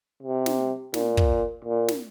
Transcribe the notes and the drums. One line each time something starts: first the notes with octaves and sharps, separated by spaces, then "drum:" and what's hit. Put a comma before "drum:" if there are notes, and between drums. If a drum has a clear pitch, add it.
C3
drum: snare
A#2, drum: snare
drum: kick
A#2
drum: snare